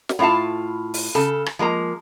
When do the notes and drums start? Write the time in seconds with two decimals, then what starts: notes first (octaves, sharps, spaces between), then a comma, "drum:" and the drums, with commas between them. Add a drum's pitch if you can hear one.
0.09 drum: snare
0.19 A2 F4 E5 F5 A5
0.94 drum: open hi-hat
1.15 C#3 A4
1.46 drum: rim click
1.59 F3 G#3 A#3 A#5